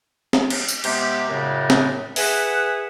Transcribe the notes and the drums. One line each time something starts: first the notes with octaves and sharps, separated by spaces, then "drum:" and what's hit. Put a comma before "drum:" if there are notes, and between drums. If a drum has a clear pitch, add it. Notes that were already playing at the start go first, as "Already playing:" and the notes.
drum: snare
drum: cymbal
drum: tambourine
C3 G#3 B3 G4, drum: cymbal
F#2 A2 C#3 G3 G#3
drum: snare
G#4 B4 E5 F#5, drum: open hi-hat